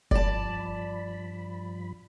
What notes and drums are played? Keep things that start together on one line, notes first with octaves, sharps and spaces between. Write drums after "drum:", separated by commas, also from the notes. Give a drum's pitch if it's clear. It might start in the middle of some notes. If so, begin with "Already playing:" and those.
G2 F3 D5 A5 B5, drum: kick